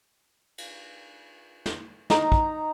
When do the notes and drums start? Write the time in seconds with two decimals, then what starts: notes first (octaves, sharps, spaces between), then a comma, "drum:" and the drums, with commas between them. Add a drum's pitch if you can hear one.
0.58 drum: cymbal
1.66 drum: snare
2.10 D#4 A#5, drum: snare
2.32 drum: kick